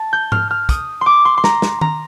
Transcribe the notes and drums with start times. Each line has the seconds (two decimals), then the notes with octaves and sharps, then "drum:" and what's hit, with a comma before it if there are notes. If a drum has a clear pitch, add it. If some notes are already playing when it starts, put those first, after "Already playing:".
Already playing: A5
0.13 G6
0.32 F6, drum: tom G#2
0.51 F6
0.69 D#6, drum: kick, hi-hat
1.01 C6 D6
1.25 C6
1.38 C6
1.44 A#5, drum: snare
1.62 drum: snare
1.81 A#5, drum: tom D#3